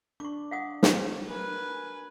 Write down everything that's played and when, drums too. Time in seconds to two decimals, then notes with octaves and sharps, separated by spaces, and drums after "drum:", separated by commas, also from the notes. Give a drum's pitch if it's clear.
0.20 D4 C#6 D6
0.51 F5 F#5 D#6
0.83 F#4, drum: snare
1.27 A#4 B4 G#5